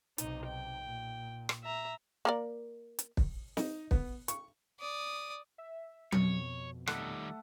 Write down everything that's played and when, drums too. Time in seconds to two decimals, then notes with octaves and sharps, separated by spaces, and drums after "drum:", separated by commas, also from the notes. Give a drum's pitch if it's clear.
0.18 B1 C3 D#4, drum: hi-hat
0.47 G5
0.82 A#2
1.49 drum: rim click
1.63 E5 A#5
2.25 A#3 A#4 D5
2.99 drum: hi-hat
3.17 drum: kick
3.57 D#4, drum: snare
3.91 B3, drum: kick
4.28 C#6, drum: hi-hat
4.80 D5 D#6
5.58 E5
6.12 F2 B2 C#5, drum: tom F#3
6.87 D#3 G3 A3 A4 F#5, drum: rim click